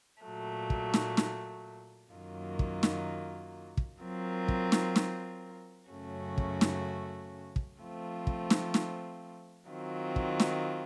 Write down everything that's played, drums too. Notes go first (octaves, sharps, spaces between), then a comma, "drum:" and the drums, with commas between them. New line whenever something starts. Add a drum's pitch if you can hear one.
A#2 F#3 A3
drum: kick
drum: snare
drum: snare
F#2 D#3 F#3 A#3 F4
drum: kick
drum: snare
drum: kick
F#3 C4 F4 A#4
drum: kick
drum: snare
drum: snare
F#2 C#3 A3 C#4 F#4
drum: kick
drum: snare
drum: kick
F3 A3 C4 F4
drum: kick
drum: snare
drum: snare
D#3 F#3 C4 F4
drum: kick
drum: snare